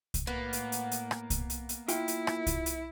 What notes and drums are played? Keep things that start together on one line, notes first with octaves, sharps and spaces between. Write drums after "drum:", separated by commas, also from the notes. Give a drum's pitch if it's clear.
drum: kick C2, hi-hat
A2 A#3 B3
drum: hi-hat
drum: hi-hat
drum: hi-hat
drum: rim click
drum: kick C2, hi-hat
drum: hi-hat
drum: hi-hat
E4 F4 G5, drum: hi-hat
drum: hi-hat
drum: rim click
drum: kick C2, hi-hat
drum: hi-hat